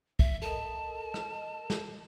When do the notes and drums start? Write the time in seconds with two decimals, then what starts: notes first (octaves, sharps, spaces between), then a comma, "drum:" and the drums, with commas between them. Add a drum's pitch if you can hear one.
0.19 E5, drum: kick
0.42 A4 A#4 D#5 A5
1.14 drum: rim click
1.70 drum: snare